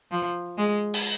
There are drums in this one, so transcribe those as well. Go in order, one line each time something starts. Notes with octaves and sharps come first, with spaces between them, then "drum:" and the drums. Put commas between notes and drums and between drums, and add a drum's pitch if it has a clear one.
F3
G#3
drum: open hi-hat